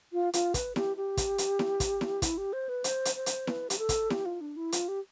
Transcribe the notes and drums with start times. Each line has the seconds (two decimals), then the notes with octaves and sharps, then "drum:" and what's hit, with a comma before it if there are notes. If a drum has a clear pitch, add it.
0.13 F4
0.33 F4, drum: hi-hat
0.54 B4, drum: kick, hi-hat
0.76 G4, drum: snare E4
0.97 G4
1.17 drum: kick, hi-hat
1.38 drum: hi-hat
1.59 drum: snare E4
1.80 drum: kick, hi-hat
2.01 drum: snare E4
2.22 E4, drum: kick, hi-hat
2.38 G4
2.53 C5
2.69 B4
2.84 C5, drum: hi-hat
3.05 drum: hi-hat
3.16 C5
3.26 drum: hi-hat
3.47 B4, drum: snare E4
3.70 G4, drum: hi-hat
3.79 A4
3.89 drum: kick, hi-hat
4.10 G4, drum: snare E4
4.26 F4
4.41 D4
4.57 E4
4.72 F4, drum: hi-hat
4.88 G4